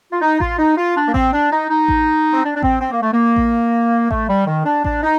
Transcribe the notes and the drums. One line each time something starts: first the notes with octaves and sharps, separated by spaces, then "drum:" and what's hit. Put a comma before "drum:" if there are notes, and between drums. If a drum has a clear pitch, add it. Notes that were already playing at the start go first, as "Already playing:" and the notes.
F4
D#4
F4, drum: kick A1
D#4
F4
D4
A#3
C4, drum: kick A1
D4
D#4
D#4
drum: kick A1
C4
D4
D4
C4, drum: kick A1
C4
A#3
A3
A#3
drum: kick A1
A3, drum: kick A1
G3
D#3
D4
D4, drum: kick A1
D#4